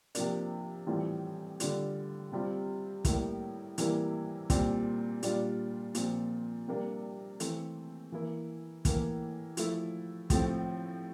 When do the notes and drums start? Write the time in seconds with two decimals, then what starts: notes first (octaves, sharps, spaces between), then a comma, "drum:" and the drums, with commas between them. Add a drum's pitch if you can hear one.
0.15 C3 F3 A#3 D4, drum: hi-hat
0.87 A2 E3 G3 C4 F4
1.60 D3 G3 D4 F4, drum: hi-hat
2.32 C3 G3 C4 F4
3.05 A2 G3 A#3 E4, drum: kick, hi-hat
3.78 C3 E3 G3 A#3 E4, drum: hi-hat
4.50 A#2 G3 C4, drum: kick, hi-hat
5.23 A#2 G3 D4 F4, drum: hi-hat
5.95 A#2 F3 C4, drum: hi-hat
6.68 C3 G3 A#3 D4
7.40 E3 A3 C4, drum: hi-hat
8.12 E3 A#3 E4
8.85 A2 E3 A#3, drum: kick, hi-hat
9.57 F3 A3 E4, drum: hi-hat
10.30 A2 F3 A3 C4, drum: kick, hi-hat